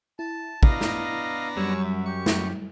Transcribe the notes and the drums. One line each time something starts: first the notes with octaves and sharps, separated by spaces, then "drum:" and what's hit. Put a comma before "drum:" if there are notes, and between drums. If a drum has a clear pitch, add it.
E4 A5
B3 D4 D#5 F5 A#5, drum: kick
drum: snare
F#2 F#3 G3 C#5 C#6 E6
E5
G4 C#6
drum: snare